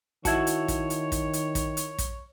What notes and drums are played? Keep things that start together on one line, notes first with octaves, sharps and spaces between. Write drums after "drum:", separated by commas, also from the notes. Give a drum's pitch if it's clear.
D#3 E4 F#4 C#5 A5 G#6, drum: kick, hi-hat
drum: hi-hat
drum: kick, hi-hat
drum: hi-hat
drum: kick, hi-hat
drum: hi-hat
drum: kick, hi-hat
drum: hi-hat
drum: kick, hi-hat